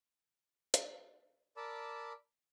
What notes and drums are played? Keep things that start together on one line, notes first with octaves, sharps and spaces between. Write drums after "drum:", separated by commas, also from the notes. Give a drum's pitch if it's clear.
drum: hi-hat
A#4 D5 A5 B5 D6 E6